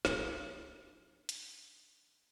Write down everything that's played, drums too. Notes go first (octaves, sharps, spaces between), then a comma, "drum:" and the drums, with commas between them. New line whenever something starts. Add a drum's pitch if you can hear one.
D4 D#4, drum: snare
drum: hi-hat